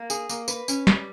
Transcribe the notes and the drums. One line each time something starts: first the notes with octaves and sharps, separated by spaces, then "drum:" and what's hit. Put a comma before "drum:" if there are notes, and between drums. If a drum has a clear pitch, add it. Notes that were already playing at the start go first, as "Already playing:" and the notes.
Already playing: A#3
G#4, drum: tambourine
A#3, drum: tambourine
B4, drum: tambourine
C#4, drum: tambourine
G3, drum: snare